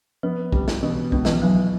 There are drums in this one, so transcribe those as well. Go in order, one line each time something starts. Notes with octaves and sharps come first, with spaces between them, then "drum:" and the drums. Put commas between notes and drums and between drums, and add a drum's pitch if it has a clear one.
F3 B3
G3, drum: kick
drum: snare
B2 E3
B2 G#3, drum: kick
E3, drum: snare
F3
E3 F#3